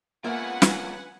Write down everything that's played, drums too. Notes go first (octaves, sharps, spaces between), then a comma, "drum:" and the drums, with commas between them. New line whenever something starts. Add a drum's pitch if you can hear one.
G#3 A#3 B3 F4 B4 E5 F#5 G#5
drum: snare